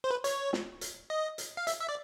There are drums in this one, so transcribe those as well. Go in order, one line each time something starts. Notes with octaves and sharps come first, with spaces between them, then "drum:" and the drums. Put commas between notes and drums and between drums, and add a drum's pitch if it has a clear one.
C5
B4
C#5, drum: hi-hat
drum: snare
drum: hi-hat
D#5
drum: hi-hat
F5
E5, drum: hi-hat
E5
D5